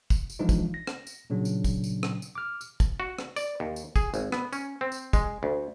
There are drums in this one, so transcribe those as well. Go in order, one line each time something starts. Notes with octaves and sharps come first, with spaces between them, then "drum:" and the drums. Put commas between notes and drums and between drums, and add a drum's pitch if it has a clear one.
drum: kick, tambourine
drum: tambourine
E3 F3 G#3 D4 D#4 F4
drum: kick, tambourine
A#6
drum: rim click
drum: tambourine
A#2 C#3 F#3 D4
drum: tambourine
drum: kick, tambourine
drum: tambourine
drum: rim click
drum: tambourine
D6 F6
drum: tambourine
drum: kick, tambourine
F#4
drum: rim click
D5, drum: tambourine
D#2
drum: tambourine
G#4, drum: kick, tambourine
G#1, drum: tambourine
B3, drum: rim click
C#4, drum: tambourine
C4
drum: tambourine
G#3, drum: kick, tambourine
D2